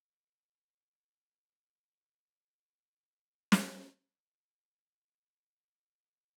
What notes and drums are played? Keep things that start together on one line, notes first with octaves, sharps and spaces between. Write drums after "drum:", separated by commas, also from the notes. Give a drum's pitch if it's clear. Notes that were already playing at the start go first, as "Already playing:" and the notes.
Already playing: B4
A4
B4
C#5
B4
C#5
B4
A4
B4
B4
C#5
drum: snare
C#5
E5
E5
C#5